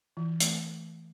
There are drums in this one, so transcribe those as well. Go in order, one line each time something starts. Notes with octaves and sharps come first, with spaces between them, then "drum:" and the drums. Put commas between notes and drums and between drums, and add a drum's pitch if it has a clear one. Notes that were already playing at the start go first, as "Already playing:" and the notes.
E3
A3, drum: hi-hat